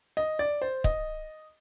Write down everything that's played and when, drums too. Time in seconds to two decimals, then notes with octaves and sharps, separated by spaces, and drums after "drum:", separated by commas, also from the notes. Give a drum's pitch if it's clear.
0.17 D#5
0.39 D5
0.62 C5
0.84 D#5, drum: kick